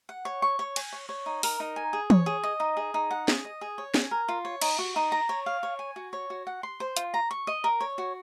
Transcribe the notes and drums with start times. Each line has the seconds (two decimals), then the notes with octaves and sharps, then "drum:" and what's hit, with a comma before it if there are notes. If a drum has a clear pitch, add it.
0.09 F#5
0.25 C#5
0.42 C#6
0.59 C#5
0.76 G#5, drum: cymbal
0.93 C#5
1.09 C#5
1.26 D#4
1.43 A#4, drum: open hi-hat
1.60 D#4
1.76 G#5
1.93 G#4
2.10 C#5, drum: tom
2.26 G#4
2.44 D#5
2.60 D#4
2.77 G#4
2.94 D#4
3.11 F#5
3.28 G#4, drum: snare
3.45 D#5
3.61 G#4
3.78 C#5
3.94 G#5, drum: snare
4.11 A#4
4.28 F4
4.45 C#5
4.61 D#4, drum: cymbal
4.79 F#4
4.96 D#4
5.12 A#5
5.29 C#5
5.46 F5
5.63 C#5
5.79 G#5
5.96 F#4
6.13 C#5
6.30 F#4
6.47 F#5
6.63 C6
6.80 C5
6.97 F4, drum: hi-hat
7.14 A#5
7.31 C#6
7.47 D#5
7.64 A#4
7.81 C#5
7.98 F#4